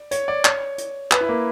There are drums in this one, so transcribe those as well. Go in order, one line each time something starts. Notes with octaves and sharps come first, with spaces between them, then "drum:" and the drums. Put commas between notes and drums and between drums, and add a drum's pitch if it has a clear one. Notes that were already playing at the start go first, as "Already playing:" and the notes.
Already playing: D5
C#5, drum: hi-hat
D5
C#5, drum: clap
drum: hi-hat
B4, drum: clap
E4
A#3